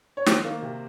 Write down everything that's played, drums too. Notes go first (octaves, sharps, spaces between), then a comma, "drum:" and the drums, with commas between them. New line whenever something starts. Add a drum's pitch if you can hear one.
C#5
D#3 C5, drum: snare
A#3
C3